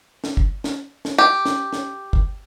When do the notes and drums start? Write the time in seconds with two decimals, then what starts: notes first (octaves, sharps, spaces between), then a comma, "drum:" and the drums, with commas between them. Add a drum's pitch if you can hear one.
0.24 drum: snare
0.37 drum: kick
0.64 drum: snare
1.05 drum: snare
1.18 G4
1.45 drum: snare
1.73 drum: snare
2.13 drum: kick